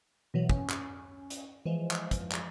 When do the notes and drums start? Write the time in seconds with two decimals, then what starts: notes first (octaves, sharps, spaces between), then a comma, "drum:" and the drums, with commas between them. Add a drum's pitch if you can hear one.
0.34 B2 E3 F#3
0.49 C#4, drum: kick
0.70 drum: clap
1.30 drum: hi-hat
1.65 E3 F3 G#3
1.91 drum: clap
2.11 drum: kick, hi-hat
2.32 drum: clap